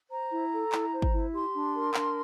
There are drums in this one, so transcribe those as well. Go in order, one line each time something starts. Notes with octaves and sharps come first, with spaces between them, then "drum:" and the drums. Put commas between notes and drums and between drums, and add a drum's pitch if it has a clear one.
C5 A#5
E4
A4
E4, drum: clap
C5
drum: kick
E4
G4 C6
D4
A#4
D4, drum: clap